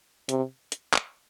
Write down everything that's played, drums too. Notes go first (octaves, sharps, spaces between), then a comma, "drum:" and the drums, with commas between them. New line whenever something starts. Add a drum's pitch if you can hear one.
C3, drum: hi-hat
drum: hi-hat
drum: clap